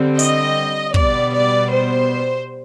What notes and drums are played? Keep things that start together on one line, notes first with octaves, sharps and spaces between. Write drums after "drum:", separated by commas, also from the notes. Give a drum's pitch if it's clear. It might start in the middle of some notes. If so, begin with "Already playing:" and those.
Already playing: D3 G3 C4
D#5, drum: hi-hat
B2 G3 B3 D5, drum: kick
D5
C5